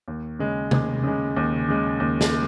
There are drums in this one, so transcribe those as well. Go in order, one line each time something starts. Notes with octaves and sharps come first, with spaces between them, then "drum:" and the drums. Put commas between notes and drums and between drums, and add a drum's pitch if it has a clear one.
D#2
C#3 G#3
D#2, drum: tom C3
C#3 G#3
D#2
C#3 G#3
D#2
drum: snare